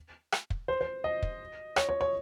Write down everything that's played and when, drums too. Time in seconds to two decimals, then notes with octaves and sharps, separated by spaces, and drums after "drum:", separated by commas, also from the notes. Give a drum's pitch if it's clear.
0.32 drum: rim click
0.50 drum: kick
0.68 C5
0.81 C5
1.04 D#5
1.22 drum: kick
1.76 C#5, drum: rim click
1.89 C#5
2.01 C#5